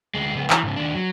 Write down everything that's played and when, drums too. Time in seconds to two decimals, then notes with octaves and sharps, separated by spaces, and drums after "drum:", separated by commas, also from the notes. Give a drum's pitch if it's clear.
0.14 D2 G#3
0.35 C#2 B3
0.50 E3, drum: clap
0.63 G#2 C#3
0.76 D#2 D4
0.95 F#3